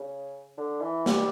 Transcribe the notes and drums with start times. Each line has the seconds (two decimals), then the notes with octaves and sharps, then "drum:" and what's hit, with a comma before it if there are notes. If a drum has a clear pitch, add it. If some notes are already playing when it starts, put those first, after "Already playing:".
Already playing: C#3
0.58 D3
0.82 E3
1.06 G3, drum: snare